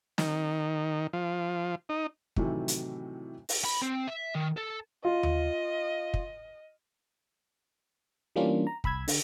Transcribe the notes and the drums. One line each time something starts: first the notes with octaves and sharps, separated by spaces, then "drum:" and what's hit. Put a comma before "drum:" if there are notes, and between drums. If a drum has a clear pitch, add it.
D#3, drum: snare
F3
D#4
A2 C3 D#3 E3 F#3 A3, drum: kick
drum: hi-hat
drum: open hi-hat
B5
C4
E5
D#3
A4
F4 D#5
drum: tom D#2
drum: kick
E3 G3 A#3 C#4 D4 F4
A#5
C2 B5 E6 G#6, drum: kick
D3, drum: open hi-hat